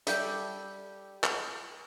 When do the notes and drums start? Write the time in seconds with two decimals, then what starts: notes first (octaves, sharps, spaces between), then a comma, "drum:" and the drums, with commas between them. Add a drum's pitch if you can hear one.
0.07 G3 G4 A4 E5, drum: hi-hat
1.24 drum: clap